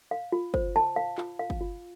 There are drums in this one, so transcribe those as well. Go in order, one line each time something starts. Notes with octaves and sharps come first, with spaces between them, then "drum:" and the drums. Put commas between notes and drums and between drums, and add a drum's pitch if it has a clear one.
F5
F4
C5, drum: kick G1
A5
F5
F4, drum: clap
F5
drum: kick G1
F4